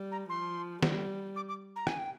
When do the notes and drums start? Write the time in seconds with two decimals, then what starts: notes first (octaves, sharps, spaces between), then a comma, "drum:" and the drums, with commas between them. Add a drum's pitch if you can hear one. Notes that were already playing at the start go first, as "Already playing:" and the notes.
Already playing: G3
0.12 A#5
0.29 F3 C6
0.83 G3, drum: snare
1.36 D6
1.48 D6
1.76 A#5
1.87 G#5, drum: rim click
1.98 G5